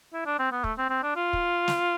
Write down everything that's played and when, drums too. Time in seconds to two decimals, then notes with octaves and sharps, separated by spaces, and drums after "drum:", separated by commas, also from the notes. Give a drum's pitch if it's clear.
0.13 E4
0.26 D4
0.39 C4
0.52 B3
0.64 A3, drum: kick
0.78 C4
0.90 C4
1.03 D4
1.16 F4
1.33 drum: kick
1.68 drum: snare